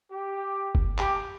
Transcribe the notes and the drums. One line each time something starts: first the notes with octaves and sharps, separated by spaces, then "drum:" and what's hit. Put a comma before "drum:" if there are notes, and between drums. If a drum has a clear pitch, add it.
G4
drum: kick F#1
G4, drum: clap